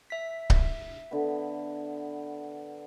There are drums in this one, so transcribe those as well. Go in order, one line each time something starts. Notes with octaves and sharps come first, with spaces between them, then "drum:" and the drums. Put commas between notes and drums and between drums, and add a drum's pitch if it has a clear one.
E5 B6
drum: kick C#1
D3 B3